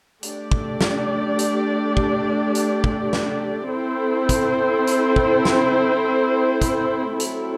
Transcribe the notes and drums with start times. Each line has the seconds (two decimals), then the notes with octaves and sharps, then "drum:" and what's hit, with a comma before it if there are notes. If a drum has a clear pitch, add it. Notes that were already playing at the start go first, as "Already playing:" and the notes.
0.23 A3 D4 G4 D5, drum: hi-hat
0.51 drum: kick
0.81 drum: snare
1.39 drum: hi-hat
1.97 drum: kick
2.55 drum: hi-hat
2.84 drum: kick
3.13 drum: snare
3.71 C4 E4 A4 C5
4.29 drum: kick, hi-hat
4.87 drum: hi-hat
5.16 drum: kick
5.45 drum: snare
6.62 drum: kick, hi-hat
7.20 F#3 A3 C4 E4 A4, drum: hi-hat